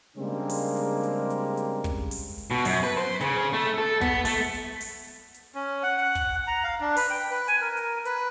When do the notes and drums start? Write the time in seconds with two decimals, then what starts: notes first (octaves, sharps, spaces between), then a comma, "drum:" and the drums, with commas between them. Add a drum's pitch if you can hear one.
0.17 C#3 G3 G#3 A#3 C4 D4
0.49 drum: open hi-hat
0.76 drum: hi-hat
1.03 drum: hi-hat
1.30 drum: hi-hat
1.57 drum: hi-hat
1.84 drum: kick, hi-hat
2.11 drum: open hi-hat
2.38 drum: hi-hat
2.51 B2
2.65 F#2, drum: open hi-hat
2.83 B4
2.97 C5
3.21 C#3, drum: hi-hat
3.53 A3
3.78 A4
4.01 B3, drum: kick, hi-hat
4.25 A3, drum: open hi-hat
4.54 drum: hi-hat
4.81 drum: open hi-hat
5.08 drum: hi-hat
5.34 drum: hi-hat
5.55 C#4
5.83 F#5
5.98 F#5
6.15 drum: kick, hi-hat
6.47 A#5
6.64 F5
6.80 D4
6.96 B4, drum: open hi-hat
7.10 G5
7.31 B4
7.48 G#5, drum: hi-hat
7.61 A#4
7.77 drum: hi-hat
8.05 B4, drum: hi-hat